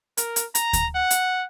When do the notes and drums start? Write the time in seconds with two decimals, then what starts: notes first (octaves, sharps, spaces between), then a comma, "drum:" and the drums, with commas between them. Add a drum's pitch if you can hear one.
0.17 A#4, drum: hi-hat
0.36 drum: hi-hat
0.55 A#5, drum: hi-hat
0.73 drum: kick D2, hi-hat
0.95 F#5
1.11 drum: hi-hat